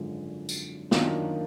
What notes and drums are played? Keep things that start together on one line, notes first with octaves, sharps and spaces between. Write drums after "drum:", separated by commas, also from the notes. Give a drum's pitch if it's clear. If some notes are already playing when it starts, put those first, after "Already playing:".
Already playing: G#1 F#2 D3 F3 G#3
drum: tambourine
F#2 D#3 A#3 D4 F4, drum: snare